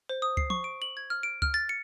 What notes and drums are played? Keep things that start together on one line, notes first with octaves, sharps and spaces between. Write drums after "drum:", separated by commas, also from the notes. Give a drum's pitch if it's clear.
C5
D#6
C7, drum: kick C#2
C#6, drum: tom
D7
F#7
G#6
F6
D7
F6, drum: kick C#2
A6
C#7